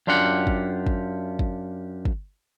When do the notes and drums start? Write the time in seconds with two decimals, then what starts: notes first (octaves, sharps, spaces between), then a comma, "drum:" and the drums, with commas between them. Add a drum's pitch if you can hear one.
0.07 F#2 D4 F4 G4 F#5
0.47 drum: kick
0.87 drum: kick
1.39 drum: kick
2.05 drum: kick